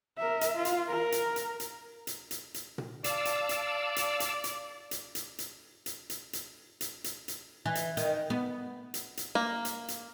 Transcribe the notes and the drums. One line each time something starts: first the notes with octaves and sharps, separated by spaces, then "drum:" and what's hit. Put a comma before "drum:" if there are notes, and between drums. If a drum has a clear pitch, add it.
A#4 E5
drum: hi-hat
F4
drum: hi-hat
A#4
drum: hi-hat
drum: hi-hat
drum: hi-hat
drum: hi-hat
drum: hi-hat
drum: hi-hat
drum: tom A#2
D5 F5 A5 E6, drum: hi-hat
drum: hi-hat
drum: hi-hat
drum: hi-hat
drum: hi-hat
drum: hi-hat
drum: hi-hat
drum: hi-hat
drum: hi-hat
drum: hi-hat
drum: hi-hat
drum: hi-hat
drum: hi-hat
drum: hi-hat
drum: hi-hat
E3
drum: hi-hat
D#3, drum: hi-hat
B3
drum: hi-hat
drum: hi-hat
A#3
drum: hi-hat
drum: hi-hat